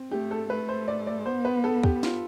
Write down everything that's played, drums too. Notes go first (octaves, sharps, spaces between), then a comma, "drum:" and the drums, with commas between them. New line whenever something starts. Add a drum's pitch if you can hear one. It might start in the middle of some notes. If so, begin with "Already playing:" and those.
Already playing: C4
A3 G4
A4
A3 B4
C5
D5
D5
B3 C5
B4
A4
G4, drum: kick
F4, drum: snare